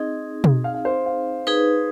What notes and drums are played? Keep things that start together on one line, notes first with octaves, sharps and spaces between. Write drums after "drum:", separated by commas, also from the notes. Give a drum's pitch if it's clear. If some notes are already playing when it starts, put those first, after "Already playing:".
Already playing: C4 D#4 G#4 D#5
drum: tom B2
F5
F5
C5
F5
D#4 G#4 B4